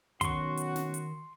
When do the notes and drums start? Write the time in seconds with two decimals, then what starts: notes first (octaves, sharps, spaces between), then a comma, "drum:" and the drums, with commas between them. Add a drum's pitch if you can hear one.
0.21 B1 D#3 C#4 F#4 C6 C#6, drum: kick, hi-hat
0.57 drum: hi-hat
0.76 drum: snare
0.94 drum: hi-hat